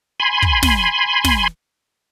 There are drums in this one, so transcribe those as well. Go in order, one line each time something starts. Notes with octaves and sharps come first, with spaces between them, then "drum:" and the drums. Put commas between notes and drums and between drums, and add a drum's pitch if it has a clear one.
G#5 B5 C6
drum: kick
drum: snare
drum: snare